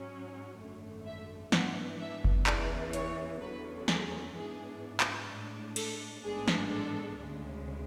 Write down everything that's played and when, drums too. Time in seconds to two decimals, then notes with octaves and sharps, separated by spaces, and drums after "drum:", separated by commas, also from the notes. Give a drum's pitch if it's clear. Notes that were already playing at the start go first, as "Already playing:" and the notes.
Already playing: G#2 F#3 C#4
0.59 G#1 F#2 D3 A3
1.05 E5
1.52 G#2 E3 B3 D4 F#5, drum: snare
1.99 E5
2.25 drum: kick F#1
2.47 E2 C#3 E3 D5, drum: clap
2.93 C#5, drum: hi-hat
3.40 E2 D3 F#3 C#4 B4
3.88 G#4, drum: snare
4.35 G#2 E3 B3 D4 G#4
5.00 drum: clap
5.30 A2 G#3 D4
5.76 A4, drum: cymbal
6.23 A1 G#2 G#3 B3 D4 G#4
6.48 drum: snare
6.71 A4
7.17 D2 C#3 G#3